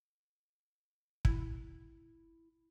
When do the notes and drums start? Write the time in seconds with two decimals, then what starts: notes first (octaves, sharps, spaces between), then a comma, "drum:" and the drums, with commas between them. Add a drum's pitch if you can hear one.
1.25 E4, drum: kick